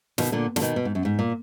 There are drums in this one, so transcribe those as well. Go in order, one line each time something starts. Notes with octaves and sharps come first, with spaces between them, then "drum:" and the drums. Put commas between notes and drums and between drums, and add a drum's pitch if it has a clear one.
B2 D#3, drum: snare
A#2 D3
D3, drum: snare
B2 D#3
B2
G#2
F#2
G#2
A#2